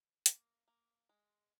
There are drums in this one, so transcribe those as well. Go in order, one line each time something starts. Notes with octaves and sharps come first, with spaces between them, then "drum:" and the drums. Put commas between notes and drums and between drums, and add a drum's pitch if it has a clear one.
A#3, drum: hi-hat
A#3
G#3